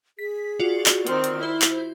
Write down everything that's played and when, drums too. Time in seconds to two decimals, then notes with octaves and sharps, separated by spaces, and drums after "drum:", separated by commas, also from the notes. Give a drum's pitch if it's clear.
0.19 G#4 B6
0.59 F4 F#4 D5
0.86 drum: clap
1.07 D#3 C4 F6, drum: hi-hat
1.24 drum: hi-hat
1.43 E4 C5
1.62 drum: clap